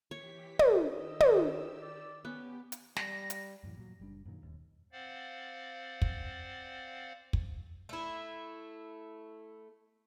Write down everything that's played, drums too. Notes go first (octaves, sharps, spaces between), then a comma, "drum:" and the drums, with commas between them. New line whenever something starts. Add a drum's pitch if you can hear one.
E3 G4 C#5 B6
drum: tom
D#3 G4 D#5 E6
drum: tom
D5
B3 C#4 G4
drum: hi-hat
G3 A#6, drum: snare
drum: hi-hat
F#2 A2 E3
A#2 F#3
F#1 G3 D4
F#2 A#2 D#3
D#1 D#2
C4 C5 D5 F5 F#5
drum: kick
drum: kick
A3 E4